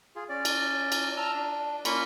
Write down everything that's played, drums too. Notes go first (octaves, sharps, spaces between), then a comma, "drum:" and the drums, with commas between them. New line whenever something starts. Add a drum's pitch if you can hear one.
F4 G#4
C#4 D5
drum: cymbal
drum: cymbal
A5 A#5 E6 F6
D4
A#3 C#4 F4 B5 C#6, drum: cymbal